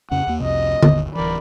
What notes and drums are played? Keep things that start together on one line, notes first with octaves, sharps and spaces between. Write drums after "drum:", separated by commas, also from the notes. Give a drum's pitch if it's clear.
F2 C#3 C#4 F#5
D#2 A#3
C2 F2 C3 D#5
G1 D#2, drum: tom D3
D1 E3 A#4 D5 B5